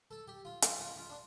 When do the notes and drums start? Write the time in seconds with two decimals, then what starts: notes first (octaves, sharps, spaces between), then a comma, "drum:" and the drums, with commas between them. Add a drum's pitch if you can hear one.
0.11 A4
0.28 G4
0.45 F4
0.62 F4, drum: hi-hat
0.79 F4
0.96 F4
1.10 D4